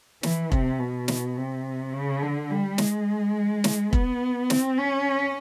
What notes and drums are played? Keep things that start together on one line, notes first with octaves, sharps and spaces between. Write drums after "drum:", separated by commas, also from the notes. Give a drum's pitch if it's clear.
E3, drum: snare
C3, drum: kick
B2
drum: snare
C3
C#3
D3
G3
G#3, drum: snare
drum: snare
B3, drum: kick
C4, drum: snare
C#4